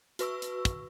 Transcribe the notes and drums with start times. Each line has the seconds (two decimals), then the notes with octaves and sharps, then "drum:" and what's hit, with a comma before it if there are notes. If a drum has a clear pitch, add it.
0.19 F#4 B4 C#6 E6, drum: hi-hat
0.42 drum: hi-hat
0.65 drum: kick, hi-hat